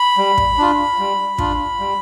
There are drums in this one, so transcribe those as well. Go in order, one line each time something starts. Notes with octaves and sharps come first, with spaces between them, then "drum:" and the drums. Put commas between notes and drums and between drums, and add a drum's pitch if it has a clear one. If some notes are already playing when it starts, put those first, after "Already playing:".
Already playing: B5
G3
drum: kick
D4 F4
G3
D4 F4, drum: kick
G3